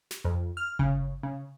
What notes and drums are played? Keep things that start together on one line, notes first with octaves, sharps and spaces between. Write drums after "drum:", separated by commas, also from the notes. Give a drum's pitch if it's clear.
drum: snare
F2
F6
C#3, drum: kick G1
C#3